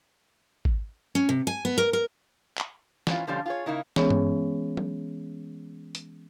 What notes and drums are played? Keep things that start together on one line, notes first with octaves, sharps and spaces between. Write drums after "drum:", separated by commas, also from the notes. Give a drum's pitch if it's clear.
drum: kick G#1
C#4
C3
G#5
B3
A#4
A#4
drum: clap
G#2 E3 C#4 F4, drum: snare
B2 D3 F3 G3 C#4 F4
F4 G#4 C#5
C#3 A#3 D#4 E4
E3 G#3 B3 C#4 G#4 C#5, drum: snare
drum: tom G2
drum: tom F#3
drum: hi-hat